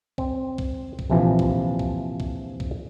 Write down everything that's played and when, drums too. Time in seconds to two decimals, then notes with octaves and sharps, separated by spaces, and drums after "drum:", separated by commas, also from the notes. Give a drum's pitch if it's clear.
0.18 C4, drum: kick C2
0.58 drum: kick C2
0.99 drum: kick C2
1.10 A#1 C3 E3 F3
1.39 drum: kick C2
1.79 drum: kick C2
2.20 drum: kick C2
2.60 drum: kick C2